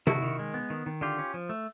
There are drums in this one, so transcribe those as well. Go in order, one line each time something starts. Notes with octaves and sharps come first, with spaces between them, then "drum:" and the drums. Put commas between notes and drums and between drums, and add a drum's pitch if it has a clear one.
D#3 E4 F#4, drum: tom C3
D#3
G#3
B3
D#3
D#3
D3 F4 G4
C#4
F3
A3